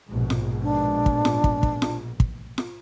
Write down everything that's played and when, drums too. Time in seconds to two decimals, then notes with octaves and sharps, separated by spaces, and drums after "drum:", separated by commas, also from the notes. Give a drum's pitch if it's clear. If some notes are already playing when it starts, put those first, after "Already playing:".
0.11 A#1 G#2 B2
0.30 drum: snare F4
0.62 D4
1.06 drum: kick
1.25 drum: snare F4
1.44 drum: kick
1.63 drum: kick
1.82 drum: snare F4
2.20 drum: kick
2.58 drum: snare F4